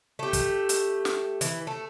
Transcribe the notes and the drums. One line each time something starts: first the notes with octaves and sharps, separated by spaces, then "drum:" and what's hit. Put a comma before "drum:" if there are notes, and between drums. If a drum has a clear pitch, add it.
A3 G4
drum: kick, hi-hat
drum: hi-hat
drum: snare
E3, drum: hi-hat
A3